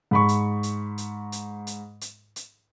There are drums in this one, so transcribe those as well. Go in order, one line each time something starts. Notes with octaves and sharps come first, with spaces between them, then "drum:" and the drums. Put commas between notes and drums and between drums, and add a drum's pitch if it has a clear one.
G#2 B5 C#6
drum: hi-hat
drum: hi-hat
drum: hi-hat
drum: hi-hat
drum: hi-hat
drum: hi-hat
drum: hi-hat